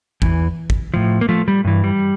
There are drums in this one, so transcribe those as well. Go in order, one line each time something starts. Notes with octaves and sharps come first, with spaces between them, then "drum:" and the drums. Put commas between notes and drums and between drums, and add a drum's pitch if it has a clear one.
E2 E3, drum: kick
drum: kick
A2 F3
A#3
F3 A3
G3
G2 E3
G3